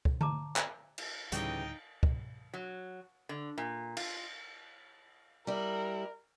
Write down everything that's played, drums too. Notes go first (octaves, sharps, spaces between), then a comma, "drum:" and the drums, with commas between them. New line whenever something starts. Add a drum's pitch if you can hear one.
drum: kick
A5 A#5 D6, drum: tom D3
drum: clap
drum: cymbal
D2 A2 C#3 E3 G3 D#4 G4 G5, drum: hi-hat
drum: kick
F#3
D3
A#2
F4, drum: cymbal
G3 E4 A#4